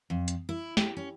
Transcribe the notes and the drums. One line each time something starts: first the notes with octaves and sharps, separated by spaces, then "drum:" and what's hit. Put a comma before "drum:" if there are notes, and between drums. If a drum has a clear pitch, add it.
F2
drum: hi-hat
E4
G4, drum: snare
C#4